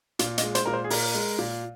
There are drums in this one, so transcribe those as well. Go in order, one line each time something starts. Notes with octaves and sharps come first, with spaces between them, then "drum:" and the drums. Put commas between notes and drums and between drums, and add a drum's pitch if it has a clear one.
A#2 F5, drum: hi-hat
D#5, drum: hi-hat
G#3
C5, drum: hi-hat
A#2 A#4
C5
G#4
A#2 A#4, drum: open hi-hat
G#3
A#2